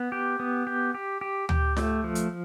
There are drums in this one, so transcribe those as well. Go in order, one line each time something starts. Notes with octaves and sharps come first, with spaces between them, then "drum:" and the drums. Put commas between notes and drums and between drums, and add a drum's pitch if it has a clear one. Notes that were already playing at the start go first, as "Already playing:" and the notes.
Already playing: B3
G4
B3
G4
G4
G4
G4, drum: tom D2
A3, drum: snare F4
F3
drum: hi-hat